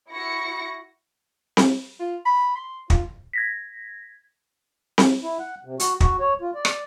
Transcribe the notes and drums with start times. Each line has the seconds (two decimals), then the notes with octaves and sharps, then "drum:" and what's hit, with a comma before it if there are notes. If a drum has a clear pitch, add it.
0.12 E4 F#4 A#6 C#7
1.57 drum: snare C4
2.00 F4
2.26 B5
2.56 C6
2.90 F4, drum: kick
3.33 G#6 A#6 B6
4.98 drum: snare C4
5.23 E4
5.39 F#5
5.65 C3
5.80 F#4, drum: hi-hat
6.00 F#4, drum: kick
6.20 C#5
6.41 F4
6.55 D5
6.65 drum: rim click